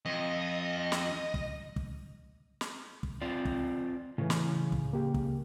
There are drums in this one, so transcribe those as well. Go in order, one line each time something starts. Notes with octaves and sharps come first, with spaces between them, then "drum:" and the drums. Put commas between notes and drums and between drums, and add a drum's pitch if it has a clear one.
F2 D#5
drum: snare
drum: kick
drum: kick
drum: snare
drum: kick
C4 F4 D5
drum: kick
A2 C#3 E3
drum: snare
drum: kick
A#3 G4
drum: kick